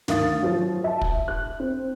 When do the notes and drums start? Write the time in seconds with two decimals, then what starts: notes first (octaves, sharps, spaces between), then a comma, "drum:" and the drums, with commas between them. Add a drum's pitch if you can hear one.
0.08 D2 D#3 F5 D#6 A6, drum: snare
0.43 F3 F#3
0.84 E5 A5
1.01 drum: kick
1.28 F#6
1.60 C4